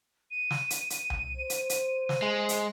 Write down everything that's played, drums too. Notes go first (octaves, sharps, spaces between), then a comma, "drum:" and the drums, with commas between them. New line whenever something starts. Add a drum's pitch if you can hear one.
D#7
drum: snare
drum: hi-hat
drum: hi-hat
drum: tom C2
C5
drum: hi-hat
drum: hi-hat
drum: snare
G#3
drum: hi-hat